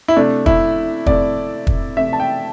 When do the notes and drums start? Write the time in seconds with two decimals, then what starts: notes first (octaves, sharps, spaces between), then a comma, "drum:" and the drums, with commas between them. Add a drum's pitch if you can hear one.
0.08 E4
0.16 C3 A3 D4
0.46 E4, drum: kick
1.06 C3 A3 D5, drum: kick
1.67 drum: kick
1.97 C3 A3 E5
2.13 A5
2.20 G5